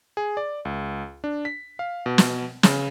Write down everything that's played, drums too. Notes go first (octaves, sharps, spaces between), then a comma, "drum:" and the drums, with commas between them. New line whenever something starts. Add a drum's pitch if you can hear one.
G#4
D5
C#2
D4
B6
F5
B2
drum: snare
C#3, drum: snare